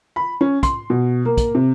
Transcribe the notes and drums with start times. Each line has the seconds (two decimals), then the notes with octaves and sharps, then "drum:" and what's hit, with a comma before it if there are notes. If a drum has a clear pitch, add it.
0.16 B5
0.41 C#4
0.63 C6, drum: kick, hi-hat
0.90 B2
1.25 A#3
1.37 drum: kick, hi-hat
1.55 C3